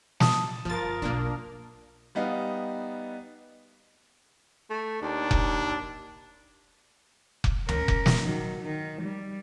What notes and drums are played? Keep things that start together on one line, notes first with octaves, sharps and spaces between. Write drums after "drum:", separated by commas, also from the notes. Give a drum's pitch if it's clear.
A5 D#6, drum: snare
G1 F3 F4 A#4 A6
B1 A3 A#3 D4
G3 B3 D#4 F5
A3
D#2 D4
drum: kick F1
drum: kick F1
C#4 A#4, drum: tom D2
drum: kick F1
drum: snare
D#3 F#3
D#3
G3